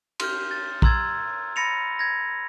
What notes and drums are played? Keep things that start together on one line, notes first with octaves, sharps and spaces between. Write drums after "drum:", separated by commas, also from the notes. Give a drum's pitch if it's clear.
C6 F6 G6, drum: cymbal
A6
A#5 C6 E6 G#6 A6, drum: kick
B5 A6 A#6 C#7 D#7 F7
G#6 A#6